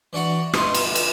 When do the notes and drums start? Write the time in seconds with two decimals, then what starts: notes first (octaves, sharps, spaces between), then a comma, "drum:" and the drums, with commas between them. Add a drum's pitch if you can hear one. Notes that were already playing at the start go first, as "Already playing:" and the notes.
0.13 E3 D4 F#4 F#5 A#5
0.53 G2 B2 E4 F4 D#5 C6, drum: rim click
0.74 drum: cymbal
0.85 D3
0.95 drum: cymbal